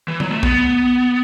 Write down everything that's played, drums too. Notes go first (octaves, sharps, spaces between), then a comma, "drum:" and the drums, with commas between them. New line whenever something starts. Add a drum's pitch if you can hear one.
E3
F#3, drum: tom D3
A3
B3, drum: kick